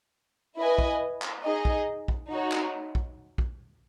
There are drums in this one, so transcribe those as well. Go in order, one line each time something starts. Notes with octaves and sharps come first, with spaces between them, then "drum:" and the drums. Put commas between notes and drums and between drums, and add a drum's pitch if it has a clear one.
E4 B4 D#5 G#5
drum: kick A#1
drum: clap
D#4 G#4 D#5
drum: kick A#1
drum: kick A#1
D#4 F#4 C#5
drum: clap
drum: kick A#1
drum: kick A#1